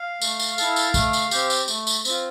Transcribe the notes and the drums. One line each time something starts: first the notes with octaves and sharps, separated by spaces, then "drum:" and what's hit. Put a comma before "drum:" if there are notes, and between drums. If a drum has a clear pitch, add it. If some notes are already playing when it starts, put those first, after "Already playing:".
Already playing: F5
A3, drum: tambourine
drum: tambourine
E4 A4, drum: tambourine
drum: tambourine
A3, drum: kick, tambourine
drum: tambourine
C4 G4, drum: tambourine
drum: tambourine
A3, drum: tambourine
drum: tambourine
C4 F4, drum: tambourine